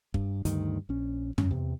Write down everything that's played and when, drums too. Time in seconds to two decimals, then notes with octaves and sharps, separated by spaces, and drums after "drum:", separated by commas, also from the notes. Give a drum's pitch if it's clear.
0.14 G2, drum: kick
0.45 D2 G2 D#3, drum: hi-hat
0.89 A#1 C#4
1.38 F#2 C#4, drum: tom
1.51 E2 C3